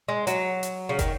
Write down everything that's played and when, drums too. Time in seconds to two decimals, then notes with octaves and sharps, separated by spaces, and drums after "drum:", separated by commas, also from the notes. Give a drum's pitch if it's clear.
0.09 G#3
0.27 F#3, drum: hi-hat
0.63 drum: hi-hat
0.89 C#3
0.99 D#3, drum: kick, hi-hat